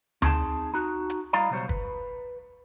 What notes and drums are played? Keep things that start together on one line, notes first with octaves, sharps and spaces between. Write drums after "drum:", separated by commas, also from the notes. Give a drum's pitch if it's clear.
C4 D#4 G#4 G#5 A5, drum: tom D2
D#4 F#4
drum: hi-hat
G3 E4 D5 D#5 F5 A#5
C#2 B2 F#3 G3 C5 C#5
B4, drum: kick